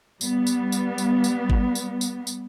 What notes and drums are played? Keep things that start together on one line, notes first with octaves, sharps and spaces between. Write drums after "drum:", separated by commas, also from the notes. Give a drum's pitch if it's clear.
G3 B3, drum: tambourine
drum: tambourine
drum: tambourine
drum: tambourine
drum: tambourine
drum: kick G#1
drum: tambourine
drum: tambourine
drum: tambourine